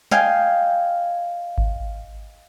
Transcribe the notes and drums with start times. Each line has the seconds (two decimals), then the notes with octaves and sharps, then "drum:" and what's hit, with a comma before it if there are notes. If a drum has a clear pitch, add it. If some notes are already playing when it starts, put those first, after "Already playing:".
0.11 D#5 F5 G5 G#5, drum: snare
1.58 drum: kick G#1